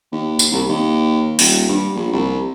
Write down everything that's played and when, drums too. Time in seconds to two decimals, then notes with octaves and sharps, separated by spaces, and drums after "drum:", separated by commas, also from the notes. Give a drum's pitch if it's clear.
0.12 D#2
0.39 drum: tambourine
0.52 C2
0.69 D#2
1.39 D#1, drum: open hi-hat
1.69 G2
1.95 A#1
2.13 C2